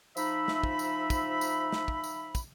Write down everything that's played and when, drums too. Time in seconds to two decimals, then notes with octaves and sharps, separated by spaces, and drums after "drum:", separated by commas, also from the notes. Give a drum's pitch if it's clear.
0.17 F3 D#4 E5 B5, drum: tambourine
0.48 drum: snare
0.63 drum: kick
0.79 drum: tambourine
1.10 drum: kick, tambourine
1.41 drum: tambourine
1.72 drum: snare
1.88 drum: kick
2.04 drum: tambourine
2.35 drum: kick, tambourine